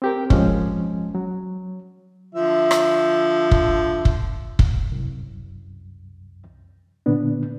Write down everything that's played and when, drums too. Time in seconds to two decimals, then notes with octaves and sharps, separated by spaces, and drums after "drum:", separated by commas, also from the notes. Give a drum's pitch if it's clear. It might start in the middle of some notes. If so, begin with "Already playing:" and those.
0.02 C4 G4 A#4
0.30 F3 G#3 C#4, drum: kick
1.15 F#3
2.35 D3 F3 E5
2.71 drum: rim click
3.51 drum: kick
4.05 drum: kick
4.59 drum: kick
4.92 C2 F#2
7.06 A#2 D3 B3 D4